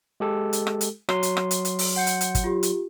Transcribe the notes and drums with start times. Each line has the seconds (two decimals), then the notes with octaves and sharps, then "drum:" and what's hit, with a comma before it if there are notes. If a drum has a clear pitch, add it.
0.20 G#3 G4 A4
0.53 drum: hi-hat
0.67 drum: rim click
0.81 drum: hi-hat
1.09 F#3 C6, drum: rim click
1.23 drum: hi-hat
1.37 drum: rim click
1.51 drum: hi-hat
1.65 drum: hi-hat
1.79 drum: open hi-hat
1.96 F#5 G6 C#7
2.07 drum: hi-hat
2.21 drum: hi-hat
2.35 drum: kick, hi-hat
2.44 F4 G4
2.63 drum: hi-hat